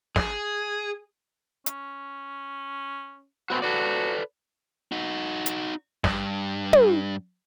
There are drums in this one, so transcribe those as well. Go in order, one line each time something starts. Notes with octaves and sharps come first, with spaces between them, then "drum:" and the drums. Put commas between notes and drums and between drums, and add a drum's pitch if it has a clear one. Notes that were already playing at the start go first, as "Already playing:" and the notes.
G#4, drum: snare
C#4, drum: hi-hat
A3 B3 C4 F#4
F#4 A4 B4 D5
D#4 F#4
drum: hi-hat
G2, drum: snare
drum: tom